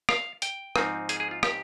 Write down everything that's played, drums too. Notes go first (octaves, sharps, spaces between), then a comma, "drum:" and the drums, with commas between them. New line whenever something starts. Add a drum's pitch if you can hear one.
F5, drum: rim click
G5, drum: hi-hat
G#2 F3 C4 D#4, drum: rim click
G#4, drum: hi-hat
G#4
F4
G4, drum: rim click